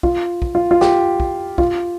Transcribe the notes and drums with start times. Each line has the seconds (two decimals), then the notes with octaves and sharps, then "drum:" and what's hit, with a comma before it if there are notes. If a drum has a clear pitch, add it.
0.03 F4, drum: kick
0.42 drum: kick
0.55 F4
0.71 F4
0.81 G4, drum: snare
1.20 drum: kick
1.58 F4, drum: kick